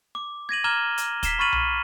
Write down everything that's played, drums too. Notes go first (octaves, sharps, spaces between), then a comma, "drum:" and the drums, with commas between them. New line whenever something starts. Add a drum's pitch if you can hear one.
D6
G#6 A#6 D#7 F#7
A#5 D6 F6 G#6 E7 G7
drum: hi-hat
B6 C7 E7 G7, drum: kick, hi-hat
B5 C#6 F6 A6 D#7 F#7
drum: tom B1